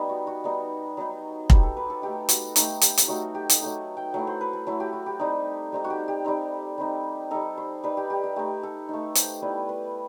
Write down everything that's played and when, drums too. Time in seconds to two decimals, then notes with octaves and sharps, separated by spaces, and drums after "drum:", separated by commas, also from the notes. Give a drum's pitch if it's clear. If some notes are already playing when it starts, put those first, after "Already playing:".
Already playing: G3 B3 D#4
0.09 F#4
0.27 F#4
0.44 G3 B3 D#4
0.97 F#3 B3 D#4
1.50 F#3 B3 D#4 G4, drum: kick
1.63 A4
1.77 B4
1.90 A4
2.02 A3 D#4 G4
2.29 F#4, drum: hi-hat
2.56 A3 D#4 G4, drum: hi-hat
2.81 G4, drum: hi-hat
2.97 drum: hi-hat
3.08 F#3 A3 D#4 F#4
3.35 G4
3.49 drum: hi-hat
3.61 F#3 A3 D#4 F#5
3.97 G5
4.14 F#3 A3 E4 F#5
4.27 C5
4.41 B4
4.53 A4
4.67 F#3 A3 E4 A4
4.80 G4
4.93 F#4
5.06 G4
5.19 G3 C4 D#4
5.72 G3 C4 D#4
5.84 F#4
5.90 G4
6.08 G4
6.25 G3 C4 D#4
6.78 G3 C4 D#4
7.31 G3 D#4 A4
7.58 C5
7.84 G3 D#4 B4
7.97 G4
8.10 G4
8.24 G4
8.36 A3 D#4 G4
8.63 A4
8.89 A3 D#4
9.15 C5, drum: hi-hat
9.42 G3 B3 E4 B4
9.69 B4